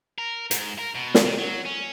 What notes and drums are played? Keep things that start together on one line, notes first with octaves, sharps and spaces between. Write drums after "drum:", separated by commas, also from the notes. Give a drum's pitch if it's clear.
A#4
G#2, drum: hi-hat
A#4
B2
drum: snare
C3
F#3
C#4